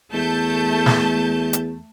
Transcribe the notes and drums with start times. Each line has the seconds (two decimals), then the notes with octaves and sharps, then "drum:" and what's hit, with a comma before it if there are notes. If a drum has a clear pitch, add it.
0.13 E2 A3 A5 G6
0.86 drum: snare
1.53 drum: hi-hat